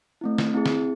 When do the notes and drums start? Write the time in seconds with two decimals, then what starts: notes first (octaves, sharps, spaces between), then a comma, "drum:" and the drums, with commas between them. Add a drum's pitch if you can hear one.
0.21 A3 C4 E4
0.38 drum: snare
0.54 C4 E4 G#4
0.66 drum: snare